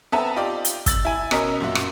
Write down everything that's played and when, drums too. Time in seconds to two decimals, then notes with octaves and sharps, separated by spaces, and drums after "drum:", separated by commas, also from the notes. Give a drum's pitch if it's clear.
0.12 B3 C4 A4 E5 A5 A#5
0.36 D#4 F4 G4 D5 D#5
0.65 drum: hi-hat
0.86 E6 A6 F#7, drum: kick, hi-hat
1.05 E4 G#5
1.31 B2 C#4 A#4 D#5 A#5 B6, drum: rim click
1.61 F#2 A#2 F#4 E5
1.75 drum: rim click